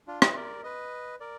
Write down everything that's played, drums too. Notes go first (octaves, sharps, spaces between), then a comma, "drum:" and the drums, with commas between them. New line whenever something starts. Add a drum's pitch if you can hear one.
D4 F4
B4 D#5, drum: rim click
A#4 D5
B4 D#5
A#4 D5